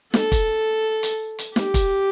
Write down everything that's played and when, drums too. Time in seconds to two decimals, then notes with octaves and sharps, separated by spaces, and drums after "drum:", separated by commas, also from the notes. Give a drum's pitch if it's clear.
0.14 A4, drum: snare
0.32 drum: kick, hi-hat
1.03 drum: hi-hat
1.39 drum: hi-hat
1.56 G4, drum: snare
1.74 drum: kick, hi-hat